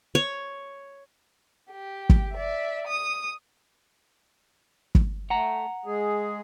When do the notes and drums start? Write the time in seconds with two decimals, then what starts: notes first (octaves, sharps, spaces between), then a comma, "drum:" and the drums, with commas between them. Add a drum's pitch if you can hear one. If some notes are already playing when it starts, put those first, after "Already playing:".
0.15 C#5
1.71 G4
2.09 drum: kick
2.34 D5 E5
2.87 D#6
4.95 drum: kick
5.30 A3 F#5 A#5
5.86 G#3 G#4